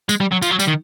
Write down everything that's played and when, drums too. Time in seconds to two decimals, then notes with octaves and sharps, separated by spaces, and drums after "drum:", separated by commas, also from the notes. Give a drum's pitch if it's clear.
0.09 G#3, drum: tambourine
0.20 G3
0.32 F#3
0.42 F3, drum: tambourine
0.51 F#3
0.60 G3, drum: tambourine
0.68 D#3